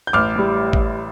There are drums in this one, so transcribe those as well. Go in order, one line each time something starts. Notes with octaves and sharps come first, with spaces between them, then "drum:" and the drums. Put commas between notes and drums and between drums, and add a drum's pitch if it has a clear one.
G6
A1 D6 F6
A2 G3
drum: kick